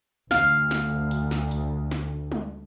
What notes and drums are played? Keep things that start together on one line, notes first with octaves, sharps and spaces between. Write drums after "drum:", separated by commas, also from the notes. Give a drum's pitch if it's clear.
D2 F5, drum: snare
drum: snare
drum: hi-hat
drum: snare
drum: hi-hat
drum: snare
drum: tom G3